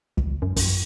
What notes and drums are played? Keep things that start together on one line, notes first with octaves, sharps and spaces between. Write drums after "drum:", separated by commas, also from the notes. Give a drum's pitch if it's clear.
C#2, drum: kick
F#2
F#2, drum: kick, open hi-hat